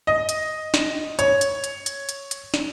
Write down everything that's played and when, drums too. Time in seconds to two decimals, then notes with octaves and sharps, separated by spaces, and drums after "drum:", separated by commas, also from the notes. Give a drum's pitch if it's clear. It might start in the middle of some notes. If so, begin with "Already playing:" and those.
0.07 D#5
0.29 drum: hi-hat
0.74 drum: snare
1.19 C#5, drum: hi-hat
1.41 drum: hi-hat
1.64 drum: hi-hat
1.86 drum: hi-hat
2.09 drum: hi-hat
2.31 drum: hi-hat
2.54 drum: snare